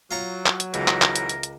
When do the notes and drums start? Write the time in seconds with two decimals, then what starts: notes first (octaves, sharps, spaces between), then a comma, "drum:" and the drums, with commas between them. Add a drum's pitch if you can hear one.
0.11 F#3 F4 A#5 C#6
0.46 drum: clap
0.60 drum: hi-hat
0.74 C#2 G#2 B2 E3 A#4, drum: hi-hat
0.88 drum: clap
1.02 drum: clap
1.16 drum: hi-hat
1.29 drum: hi-hat
1.43 drum: hi-hat